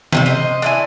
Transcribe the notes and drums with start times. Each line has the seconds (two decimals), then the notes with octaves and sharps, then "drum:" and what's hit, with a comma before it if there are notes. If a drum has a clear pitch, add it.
0.13 C3 E3 G3, drum: snare
0.26 C5 D#5
0.62 D4 E4 G#5